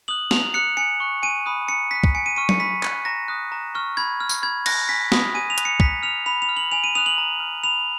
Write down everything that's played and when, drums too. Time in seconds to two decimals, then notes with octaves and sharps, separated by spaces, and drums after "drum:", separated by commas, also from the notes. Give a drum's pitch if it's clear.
0.08 D#6 F#6 F#7
0.31 A#5 F7, drum: snare
0.54 D#6 F#6 C#7
0.77 G#5 C#7
1.00 C#6 F#6
1.23 G#5 D#7
1.46 B5 D#6 F#6
1.68 A#5 C#7
1.91 D#6 F#6 B6
2.04 drum: kick
2.15 G#5 C#7
2.26 D#7
2.36 C#6 F6 D#7
2.49 C#7, drum: tom F#3
2.60 B5 B6
2.83 F#6, drum: clap
3.05 A#5 A#6
3.28 D#6 F#6
3.52 A#5
3.75 C#6 F6
3.97 B5 G#6
4.20 F6
4.29 drum: tambourine
4.43 B5 G#6
4.66 F#6 A#6, drum: cymbal
4.89 G#5 B6
5.12 B5 D#6, drum: snare
5.34 G#5 D#7
5.50 F7
5.58 B5 D#6 F#6, drum: hi-hat
5.65 C#7
5.80 A#5 B6, drum: kick
6.03 F6 F7
6.26 B5 F7
6.42 F7
6.49 F6
6.57 F#7
6.72 G#5 F7
6.84 D#7
6.95 D#6 F#6 F7
7.06 F#7
7.18 A#5
7.40 F6
7.64 B5 F7